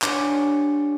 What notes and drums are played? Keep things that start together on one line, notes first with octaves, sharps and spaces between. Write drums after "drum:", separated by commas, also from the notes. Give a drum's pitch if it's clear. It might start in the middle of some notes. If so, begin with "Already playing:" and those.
D4 G4 C#5 F#5 G#5, drum: clap